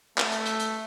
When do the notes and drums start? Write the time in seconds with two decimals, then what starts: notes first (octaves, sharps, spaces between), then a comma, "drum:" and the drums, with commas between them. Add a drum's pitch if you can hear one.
0.18 A3, drum: clap
0.32 drum: hi-hat
0.46 drum: hi-hat
0.60 drum: hi-hat